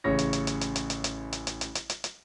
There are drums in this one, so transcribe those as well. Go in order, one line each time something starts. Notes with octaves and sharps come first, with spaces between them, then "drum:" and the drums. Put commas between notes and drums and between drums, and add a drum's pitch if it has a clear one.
A1 C#3 C#5 A#6
drum: hi-hat
drum: hi-hat
drum: hi-hat
drum: hi-hat
drum: hi-hat
drum: hi-hat
drum: hi-hat
drum: hi-hat
drum: hi-hat
drum: hi-hat
drum: hi-hat
drum: hi-hat
drum: hi-hat